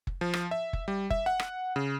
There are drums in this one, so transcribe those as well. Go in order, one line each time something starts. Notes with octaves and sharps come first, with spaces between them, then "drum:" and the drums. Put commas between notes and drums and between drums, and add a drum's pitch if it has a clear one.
drum: kick F#1
F3
drum: rim click
E5
drum: kick F#1
G3
E5, drum: kick F#1
F#5
drum: rim click
C#3